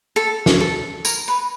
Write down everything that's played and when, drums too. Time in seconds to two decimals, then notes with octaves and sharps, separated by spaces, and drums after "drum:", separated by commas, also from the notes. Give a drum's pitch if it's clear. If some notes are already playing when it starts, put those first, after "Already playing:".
0.16 A4
0.46 drum: snare
0.60 A4
1.05 A#4, drum: tambourine
1.28 B4